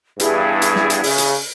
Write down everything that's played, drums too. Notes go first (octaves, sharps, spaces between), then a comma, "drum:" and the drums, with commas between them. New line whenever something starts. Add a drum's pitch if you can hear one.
E2 G2 E4 G#4, drum: hi-hat
drum: hi-hat
drum: snare
drum: hi-hat
C#3, drum: open hi-hat
drum: hi-hat